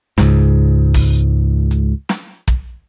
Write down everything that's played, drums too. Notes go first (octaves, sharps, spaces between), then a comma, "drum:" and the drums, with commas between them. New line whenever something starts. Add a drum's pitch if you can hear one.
C#2 G#2, drum: snare
drum: kick, open hi-hat
drum: hi-hat
drum: snare
drum: kick, hi-hat